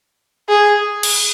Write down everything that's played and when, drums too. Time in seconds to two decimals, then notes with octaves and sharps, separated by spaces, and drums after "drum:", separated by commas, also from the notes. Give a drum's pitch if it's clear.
0.49 G#4
1.03 drum: cymbal